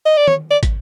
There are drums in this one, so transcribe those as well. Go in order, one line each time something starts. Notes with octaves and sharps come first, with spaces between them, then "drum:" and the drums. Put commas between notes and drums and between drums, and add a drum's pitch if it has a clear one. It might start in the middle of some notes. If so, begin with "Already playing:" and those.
D#5
D5
C#5, drum: tom D#3
D5
drum: kick, hi-hat